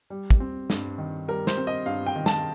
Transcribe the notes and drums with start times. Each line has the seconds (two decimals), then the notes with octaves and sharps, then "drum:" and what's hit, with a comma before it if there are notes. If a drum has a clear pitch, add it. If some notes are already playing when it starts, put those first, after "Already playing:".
0.10 G3
0.30 drum: kick
0.40 C4
0.70 G2, drum: snare
0.98 D#3
1.28 G3 A#4
1.47 C5, drum: snare
1.58 C4
1.67 D#5
1.86 G2 F5
2.07 G5
2.16 D#3
2.26 A5, drum: snare